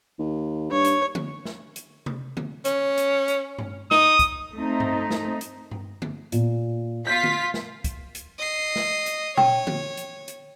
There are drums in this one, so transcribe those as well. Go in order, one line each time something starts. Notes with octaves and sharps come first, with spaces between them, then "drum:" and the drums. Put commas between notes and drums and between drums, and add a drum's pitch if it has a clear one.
D#2
G2 C#5
drum: hi-hat
drum: tom D3
drum: snare
drum: hi-hat
drum: tom C3
drum: tom D3
C#4, drum: hi-hat
drum: hi-hat
drum: hi-hat
drum: tom G2
D#4 D#6, drum: snare
drum: kick, hi-hat
A3 C4 D#4
drum: tom G2
drum: snare
drum: hi-hat
drum: tom G2
drum: tom D3
A#2, drum: hi-hat
F4 G6 B6
drum: tom D3
drum: snare
drum: kick, hi-hat
drum: hi-hat
D#5 C7
drum: snare
drum: hi-hat
C#5 G5, drum: tom A#2
drum: tom D3
drum: hi-hat
drum: hi-hat